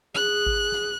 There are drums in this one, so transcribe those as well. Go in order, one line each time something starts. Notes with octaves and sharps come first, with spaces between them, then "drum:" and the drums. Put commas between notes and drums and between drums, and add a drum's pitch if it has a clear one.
G#4 F#6, drum: snare
drum: kick G#1
drum: snare